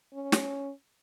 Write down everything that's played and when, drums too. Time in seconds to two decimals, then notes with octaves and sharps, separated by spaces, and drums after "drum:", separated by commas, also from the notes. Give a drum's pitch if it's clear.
0.14 C#4
0.32 drum: snare